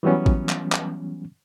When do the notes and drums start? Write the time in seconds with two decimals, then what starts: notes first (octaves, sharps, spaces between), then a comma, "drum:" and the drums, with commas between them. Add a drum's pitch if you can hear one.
0.03 E3 F#3 G3 B3 C#4
0.26 drum: kick A1
0.49 drum: clap
0.72 drum: clap